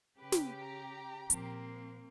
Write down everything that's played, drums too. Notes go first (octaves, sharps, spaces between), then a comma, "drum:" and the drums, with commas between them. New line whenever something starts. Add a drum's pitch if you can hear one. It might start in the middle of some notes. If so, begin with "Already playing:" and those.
C#3 G4 B4
drum: snare
A#5
A#2 F3 A#3 C4, drum: hi-hat